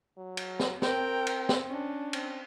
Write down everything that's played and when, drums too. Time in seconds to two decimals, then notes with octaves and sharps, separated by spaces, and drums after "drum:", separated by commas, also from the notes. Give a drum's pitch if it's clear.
0.17 F#3
0.37 drum: cymbal
0.59 drum: snare
0.82 C4 A#4 G5, drum: snare
1.27 drum: cymbal
1.49 drum: snare
1.68 C#4 D4
2.13 C4, drum: cymbal